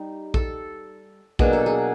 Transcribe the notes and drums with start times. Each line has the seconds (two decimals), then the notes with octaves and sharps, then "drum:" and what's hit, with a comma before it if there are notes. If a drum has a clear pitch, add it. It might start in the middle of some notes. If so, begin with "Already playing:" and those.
Already playing: G3 D#4
0.34 A4, drum: kick A#1
1.39 B2 F#3 A#3 D4 G#4, drum: kick A#1
1.53 A4
1.66 G#4